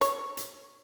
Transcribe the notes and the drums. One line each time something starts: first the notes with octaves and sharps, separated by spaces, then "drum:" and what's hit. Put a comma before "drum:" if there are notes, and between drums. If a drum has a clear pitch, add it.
C#5, drum: hi-hat
drum: hi-hat